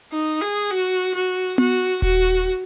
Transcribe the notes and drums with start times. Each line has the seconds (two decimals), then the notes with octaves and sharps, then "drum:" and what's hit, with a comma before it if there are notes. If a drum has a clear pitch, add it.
0.13 D#4
0.41 G#4
0.71 F#4
1.15 F#4
1.58 F#4, drum: tom B3
2.02 F#4, drum: kick D#1